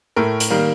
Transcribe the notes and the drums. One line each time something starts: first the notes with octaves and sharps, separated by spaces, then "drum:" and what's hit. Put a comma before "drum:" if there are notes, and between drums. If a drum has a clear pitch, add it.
A2 A3 A#4
drum: hi-hat
D#3 G3 A#3